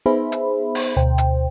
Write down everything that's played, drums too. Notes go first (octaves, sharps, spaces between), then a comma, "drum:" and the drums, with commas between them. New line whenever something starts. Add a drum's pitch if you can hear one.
B3 D#4 G#4 C5 E5 B5
drum: hi-hat
drum: open hi-hat
D2 B2 C5 G5
drum: hi-hat